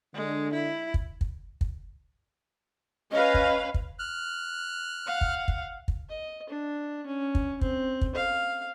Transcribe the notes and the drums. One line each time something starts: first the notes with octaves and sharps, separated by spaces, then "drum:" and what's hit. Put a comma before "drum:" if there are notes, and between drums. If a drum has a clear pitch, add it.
D3 G#3
E4
drum: kick
drum: kick
drum: kick
C#4 B4 D#5 F5
drum: kick
drum: kick
F6 F#6
F5 F#5
drum: kick
drum: kick
drum: kick
D#5
D4
C#4
drum: kick
C4, drum: kick
drum: kick
F5